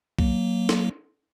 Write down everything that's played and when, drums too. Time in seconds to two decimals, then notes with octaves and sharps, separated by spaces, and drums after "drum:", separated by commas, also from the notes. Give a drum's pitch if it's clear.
0.19 F#3 A#3, drum: kick B1
0.69 drum: snare